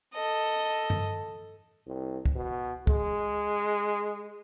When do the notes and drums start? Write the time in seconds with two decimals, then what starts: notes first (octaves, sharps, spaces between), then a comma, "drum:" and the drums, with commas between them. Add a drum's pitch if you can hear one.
0.14 A4 D#5
0.90 drum: tom G2
1.87 C2
2.25 drum: kick
2.36 B2
2.87 G#3, drum: kick